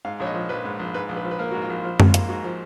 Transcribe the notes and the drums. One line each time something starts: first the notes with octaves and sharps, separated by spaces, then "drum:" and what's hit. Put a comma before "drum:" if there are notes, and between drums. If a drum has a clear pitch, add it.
G#2 F5
A#1 C#5
D#5
F3
A#1 B4
G#2
A#1
G#2 B4
A#1
B4
F3
B4
A#3 A#4
G#2 F#4
F4
A#1
F3
G#2, drum: tom F#2
F4
A#3, drum: hi-hat
G#2 F#4
F3